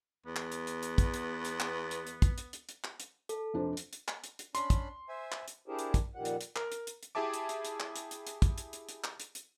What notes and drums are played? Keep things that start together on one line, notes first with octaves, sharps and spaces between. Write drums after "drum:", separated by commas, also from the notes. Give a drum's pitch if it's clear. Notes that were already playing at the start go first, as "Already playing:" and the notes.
E2 B3
drum: clap
drum: hi-hat
drum: hi-hat
drum: hi-hat
drum: kick, hi-hat
drum: hi-hat
drum: hi-hat
drum: clap
drum: hi-hat
drum: hi-hat
drum: kick, hi-hat
drum: hi-hat
drum: hi-hat
drum: hi-hat
drum: clap
drum: hi-hat
A4, drum: hi-hat
F1 D4 C5
drum: hi-hat
drum: hi-hat
drum: clap
drum: hi-hat
drum: hi-hat
C#4 D4 B5 C6, drum: hi-hat
drum: kick, hi-hat
C5 E5 G#5
drum: clap
drum: hi-hat
D4 E4 G4 G#4 A#4 C5
drum: hi-hat
drum: kick, hi-hat
F2 A#2 D#3 G3 F#5
drum: hi-hat
drum: hi-hat
A#4, drum: clap
drum: hi-hat
drum: hi-hat
drum: hi-hat
E4 G4 G#4 E5 A5 D6
drum: hi-hat
drum: hi-hat
drum: hi-hat
drum: clap
drum: hi-hat
drum: hi-hat
drum: hi-hat
drum: kick, hi-hat
drum: hi-hat
drum: hi-hat
drum: hi-hat
drum: clap
drum: hi-hat
drum: hi-hat